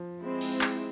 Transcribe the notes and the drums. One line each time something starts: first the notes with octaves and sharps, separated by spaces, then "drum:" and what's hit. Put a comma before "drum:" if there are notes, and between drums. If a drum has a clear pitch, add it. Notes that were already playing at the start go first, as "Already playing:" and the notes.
Already playing: F3
G#3 C4 E4
drum: cymbal
drum: clap